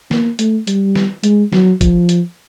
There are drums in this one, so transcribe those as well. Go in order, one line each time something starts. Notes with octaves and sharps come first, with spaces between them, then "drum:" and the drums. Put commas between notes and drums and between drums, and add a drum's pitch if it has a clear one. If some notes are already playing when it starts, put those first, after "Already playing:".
A#3, drum: snare
A3, drum: hi-hat
G3, drum: hi-hat
drum: snare
G#3, drum: hi-hat
F#3, drum: snare
F3, drum: kick, hi-hat
drum: hi-hat